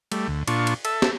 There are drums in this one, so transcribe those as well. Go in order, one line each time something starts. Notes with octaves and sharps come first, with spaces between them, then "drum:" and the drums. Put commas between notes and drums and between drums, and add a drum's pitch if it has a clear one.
G3 A3, drum: cymbal
D2
A#2 D4 F4 C#6, drum: cymbal
drum: cymbal
A4 E5, drum: cymbal
drum: snare